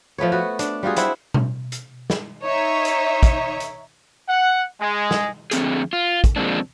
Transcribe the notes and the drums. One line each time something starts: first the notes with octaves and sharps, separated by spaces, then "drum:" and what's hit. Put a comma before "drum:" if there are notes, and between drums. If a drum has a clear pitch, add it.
F3 A3 B3 C#5
B3 F#4
D4, drum: hi-hat
G3 F4 F#4 G#4
C4 E4 F#5, drum: hi-hat
drum: tom B2
drum: hi-hat
drum: snare
D#4 C#5 E5
drum: hi-hat
drum: kick, hi-hat
drum: hi-hat
F#5
G#3
drum: snare
F2 D3 A3 C4 G4 G#4, drum: hi-hat
F4
drum: kick, hi-hat
F3 G#3 A#3 C4 D4